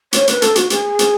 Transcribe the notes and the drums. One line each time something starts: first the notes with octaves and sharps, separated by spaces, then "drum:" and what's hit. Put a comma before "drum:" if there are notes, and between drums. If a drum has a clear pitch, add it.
C#5, drum: hi-hat
B4, drum: hi-hat
A4, drum: hi-hat
F#4, drum: hi-hat
G#4, drum: hi-hat
drum: hi-hat